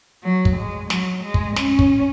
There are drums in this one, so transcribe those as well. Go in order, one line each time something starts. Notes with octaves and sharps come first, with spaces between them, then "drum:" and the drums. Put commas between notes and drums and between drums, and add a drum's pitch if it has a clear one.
F#3
drum: kick
G#3
F#3, drum: snare
G#3
drum: kick
C#4, drum: snare
drum: kick